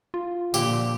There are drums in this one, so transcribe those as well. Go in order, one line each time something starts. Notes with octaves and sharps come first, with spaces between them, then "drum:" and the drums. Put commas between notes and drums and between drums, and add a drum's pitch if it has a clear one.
F4
A#2 D3 F3 G4, drum: tambourine